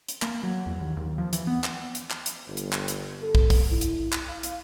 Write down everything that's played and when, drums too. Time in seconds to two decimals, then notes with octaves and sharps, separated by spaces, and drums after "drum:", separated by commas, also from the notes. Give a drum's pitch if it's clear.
0.08 drum: hi-hat
0.22 A#3, drum: clap
0.43 F#3
0.66 E2
0.80 D#2
0.97 D#2
1.18 F3
1.33 E3, drum: hi-hat
1.47 B3
1.64 drum: clap
1.95 drum: hi-hat
2.10 drum: clap
2.26 drum: hi-hat
2.47 G1
2.57 drum: hi-hat
2.73 drum: clap
2.88 drum: hi-hat
3.23 A4
3.35 drum: kick
3.50 drum: kick, open hi-hat
3.71 E4
3.81 drum: hi-hat
4.12 drum: clap
4.29 F5
4.43 drum: hi-hat